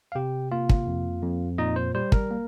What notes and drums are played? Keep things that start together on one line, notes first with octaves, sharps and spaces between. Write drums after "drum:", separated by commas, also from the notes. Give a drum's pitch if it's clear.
F5
C3 G4 G5
A#3 F4 F5
drum: kick
F2
F2
A#2 D#4 D#5
C5
G3 C5
A#4, drum: kick
A#3